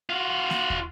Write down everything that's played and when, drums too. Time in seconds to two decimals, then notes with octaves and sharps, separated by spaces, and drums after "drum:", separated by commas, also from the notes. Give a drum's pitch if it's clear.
0.10 F4 F#4
0.50 drum: snare A#3
0.70 drum: kick